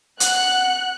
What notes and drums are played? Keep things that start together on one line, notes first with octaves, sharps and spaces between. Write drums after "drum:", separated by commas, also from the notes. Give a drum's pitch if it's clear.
F#5 F#6, drum: hi-hat